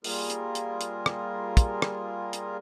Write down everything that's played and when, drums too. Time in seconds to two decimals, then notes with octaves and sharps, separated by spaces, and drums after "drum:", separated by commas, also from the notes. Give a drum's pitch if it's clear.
0.04 G3 A#3 F4 G#4 A#4, drum: open hi-hat
0.30 drum: hi-hat
0.55 drum: hi-hat
0.81 drum: hi-hat
1.06 drum: rim click
1.57 drum: kick, hi-hat
1.82 drum: rim click
2.33 drum: hi-hat